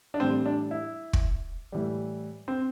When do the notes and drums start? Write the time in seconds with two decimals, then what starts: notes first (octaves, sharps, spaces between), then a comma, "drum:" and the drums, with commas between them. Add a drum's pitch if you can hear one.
0.14 D4
0.20 A2 E3 G3 C4
0.46 D4
0.71 E4
1.13 drum: kick
1.72 A2 E3 G3
2.48 C4